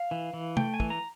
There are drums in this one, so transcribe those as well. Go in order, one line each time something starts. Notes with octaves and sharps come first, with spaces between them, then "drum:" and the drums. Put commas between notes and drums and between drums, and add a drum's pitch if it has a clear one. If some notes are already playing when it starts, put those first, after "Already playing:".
Already playing: F5
E3
E3
A3 G5, drum: tom
G#5
E3, drum: kick
A#5